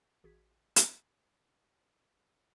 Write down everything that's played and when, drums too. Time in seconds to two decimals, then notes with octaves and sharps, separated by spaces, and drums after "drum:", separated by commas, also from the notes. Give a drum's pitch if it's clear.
0.24 A1 F#4 G#4 G#6 B6
0.76 drum: hi-hat